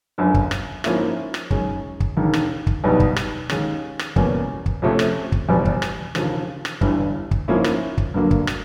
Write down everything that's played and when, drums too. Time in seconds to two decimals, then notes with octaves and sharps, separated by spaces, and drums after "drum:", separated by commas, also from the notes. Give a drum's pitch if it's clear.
0.18 G1 F#2 D3
0.34 drum: kick
0.51 drum: rim click
0.84 G#2 F3 A#3 C#4 E4, drum: rim click
1.34 drum: rim click
1.51 F#2 D#3 G#3 C#4, drum: kick
2.00 drum: kick
2.17 E1 D#2 D#3
2.33 drum: rim click
2.67 drum: kick
2.84 B1 B2 G3 B3 D#4
3.00 drum: kick
3.16 drum: rim click
3.50 D#2 D#3 G#3 C#4, drum: rim click
3.99 drum: rim click
4.16 E2 B2 G3 A#3 C#4, drum: kick
4.66 drum: kick
4.82 F2 C3 F3 A3 C#4
4.99 drum: rim click
5.32 drum: kick
5.49 F1 E2 B2 G3
5.65 drum: kick
5.82 drum: rim click
6.15 E1 D#2 C#3 F3, drum: rim click
6.65 drum: rim click
6.81 G1 G2 E3 G3, drum: kick
7.31 drum: kick
7.48 G#2 F3 A#3 C#4 E4
7.64 drum: rim click
7.98 drum: kick
8.14 G2 D3 F#3 A#3
8.31 drum: kick
8.47 drum: rim click